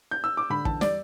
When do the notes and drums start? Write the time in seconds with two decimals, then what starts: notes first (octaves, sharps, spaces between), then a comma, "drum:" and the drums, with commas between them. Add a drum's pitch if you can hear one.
0.11 G6
0.24 E6
0.37 D6
0.50 D3 B5
0.65 E2 A5, drum: kick
0.81 G3 D5, drum: snare